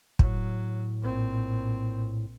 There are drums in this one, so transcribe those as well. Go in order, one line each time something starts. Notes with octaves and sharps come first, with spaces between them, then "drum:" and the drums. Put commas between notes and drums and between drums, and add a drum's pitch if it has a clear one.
A2 F#3, drum: kick
A#1 C4